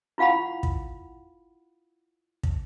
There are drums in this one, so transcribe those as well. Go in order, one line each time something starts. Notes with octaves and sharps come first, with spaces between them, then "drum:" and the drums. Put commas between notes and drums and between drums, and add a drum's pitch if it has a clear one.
E4 F4 F5 F#5 B5
drum: kick
drum: kick